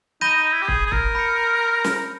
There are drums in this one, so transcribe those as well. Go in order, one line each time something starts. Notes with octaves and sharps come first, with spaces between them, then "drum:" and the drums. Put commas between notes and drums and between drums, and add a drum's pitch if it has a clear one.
D#4 B5 G6 A#6 D#7 G7
D#4
E4
G4
G#4, drum: kick
G#4
A#4, drum: kick
B5 G6 C#7
drum: snare